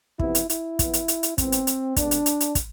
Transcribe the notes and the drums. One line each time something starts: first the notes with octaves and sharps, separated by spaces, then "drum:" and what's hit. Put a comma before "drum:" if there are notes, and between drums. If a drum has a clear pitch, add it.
F2 C3 E3 B3 E4, drum: kick
drum: hi-hat
E4, drum: hi-hat
F2 E3 B3, drum: kick, hi-hat
drum: hi-hat
drum: hi-hat
drum: hi-hat
G#2 E3 B3 C4, drum: kick, hi-hat
drum: hi-hat
drum: hi-hat
C3 G#3 B3 D4, drum: kick, hi-hat
drum: hi-hat
drum: hi-hat
drum: hi-hat
drum: kick, hi-hat